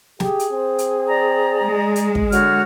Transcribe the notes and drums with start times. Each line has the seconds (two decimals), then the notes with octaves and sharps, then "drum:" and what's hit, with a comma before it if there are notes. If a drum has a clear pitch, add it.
0.20 G4 G#4, drum: snare
0.39 drum: hi-hat
0.52 C4
0.78 drum: hi-hat
1.09 D5 A#5
1.65 G#3
1.96 drum: hi-hat
2.15 drum: kick
2.32 D3 F#4 C#5 F6, drum: hi-hat